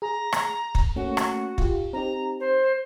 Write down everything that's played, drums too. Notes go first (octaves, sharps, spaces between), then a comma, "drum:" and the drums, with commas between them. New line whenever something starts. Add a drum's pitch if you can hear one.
G#4 A#5
drum: rim click
drum: kick
A3 A#3 C#4 F#4
drum: rim click
F4 G4, drum: kick
C4 D#4 G4 A#5
C5